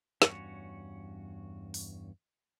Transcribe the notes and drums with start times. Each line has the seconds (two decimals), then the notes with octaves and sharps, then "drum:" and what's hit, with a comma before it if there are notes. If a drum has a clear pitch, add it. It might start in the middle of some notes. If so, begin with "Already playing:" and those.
0.22 E2 G2 C#4 F#4 C#5, drum: snare
1.74 drum: open hi-hat